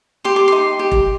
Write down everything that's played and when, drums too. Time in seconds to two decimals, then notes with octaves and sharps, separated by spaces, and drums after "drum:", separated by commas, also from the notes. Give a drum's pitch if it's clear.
0.25 G4 C6
0.36 D6
0.48 D#4 C6
0.79 G4
0.92 drum: kick F1